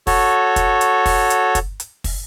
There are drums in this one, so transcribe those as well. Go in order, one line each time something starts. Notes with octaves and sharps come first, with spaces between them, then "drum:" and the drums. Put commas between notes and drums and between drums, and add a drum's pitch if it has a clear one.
F#4 A4 C#5, drum: kick, open hi-hat
drum: kick, hi-hat
drum: hi-hat
drum: kick, open hi-hat
drum: hi-hat
drum: kick, hi-hat
drum: hi-hat
drum: kick, open hi-hat